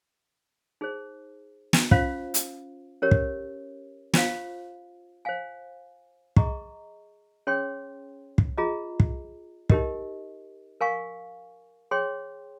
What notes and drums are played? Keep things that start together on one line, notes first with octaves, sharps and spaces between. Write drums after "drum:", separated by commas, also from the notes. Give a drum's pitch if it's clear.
D#4 G#4 C5
drum: snare
C#4 F4 C5 F5, drum: kick
drum: hi-hat
C#4 G4 A#4 C#5
drum: kick
F4 C5 F5, drum: snare
C5 F5 G#5
G#4 D#5 A#5 C#6, drum: kick
C#4 G#4 C#5 G5 C6
drum: kick
F4 G#4 D#5 A#5
drum: kick
D#4 G4 A#4 D#5, drum: kick
A#4 F5 G#5 C#6
G#4 C#5 G5 C6